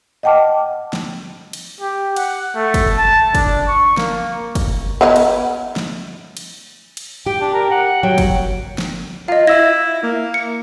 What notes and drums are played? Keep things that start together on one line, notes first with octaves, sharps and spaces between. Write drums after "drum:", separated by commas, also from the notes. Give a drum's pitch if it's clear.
D#5 F#5 G5 A5 D6 F6
drum: snare
drum: cymbal
G4
F#5, drum: cymbal
A3
drum: kick, cymbal
A5
D4, drum: kick, cymbal
C#6
A#3, drum: snare
drum: kick, cymbal
B3 D#4 E4
drum: cymbal
drum: snare
drum: cymbal
drum: cymbal
G4 G5
D4
A#4
F#5
F#3 G5
drum: kick, cymbal
drum: snare
F4 D#5 F5
E4 E5 E6 A#6
A#3
C#7